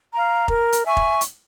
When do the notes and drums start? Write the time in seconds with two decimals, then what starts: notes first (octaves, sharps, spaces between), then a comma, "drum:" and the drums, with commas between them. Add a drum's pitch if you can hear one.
0.13 F5 A#5
0.48 A#4, drum: kick F1
0.72 drum: hi-hat
0.85 E5 G#5 C#6
0.97 drum: kick F1
1.21 drum: hi-hat